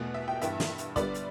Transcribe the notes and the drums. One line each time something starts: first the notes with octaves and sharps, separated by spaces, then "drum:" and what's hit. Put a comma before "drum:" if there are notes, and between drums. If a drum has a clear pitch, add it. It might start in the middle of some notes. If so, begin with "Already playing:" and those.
Already playing: E2 B2 A3
E5
G5
G2 E3 B3 E5, drum: hi-hat
drum: snare
drum: hi-hat
D3 G3 B3 D5, drum: kick, hi-hat
drum: hi-hat